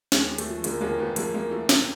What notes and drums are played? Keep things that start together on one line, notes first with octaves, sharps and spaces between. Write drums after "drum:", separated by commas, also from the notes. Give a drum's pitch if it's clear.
D#2 G#3, drum: snare
D#2
A3, drum: hi-hat
F3
D3 G#3 A#3, drum: hi-hat
D#2 G#3 A#3
D#2 A3 B3
F2 G#3 A#3, drum: hi-hat
F2 G#3 A#3
E3 A3
C3, drum: snare